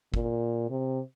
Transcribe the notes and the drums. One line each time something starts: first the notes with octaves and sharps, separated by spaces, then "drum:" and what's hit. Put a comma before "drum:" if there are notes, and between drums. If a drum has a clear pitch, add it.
A#2, drum: kick G1
C3